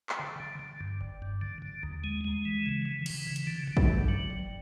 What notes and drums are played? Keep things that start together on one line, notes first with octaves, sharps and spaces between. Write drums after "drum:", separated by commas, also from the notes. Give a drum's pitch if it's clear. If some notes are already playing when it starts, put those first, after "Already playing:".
drum: clap
D3
D3
D3
G2
G1
G2
D3
D3
D#2
G#3
G#3
E3
C#3
E3
E3, drum: cymbal
C#3
drum: hi-hat
D3
D3
drum: kick
G2
F#3
G1